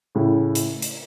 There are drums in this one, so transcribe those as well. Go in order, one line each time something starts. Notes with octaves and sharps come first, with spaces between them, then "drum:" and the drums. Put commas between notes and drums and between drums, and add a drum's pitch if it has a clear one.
A2 C#3
drum: hi-hat
drum: hi-hat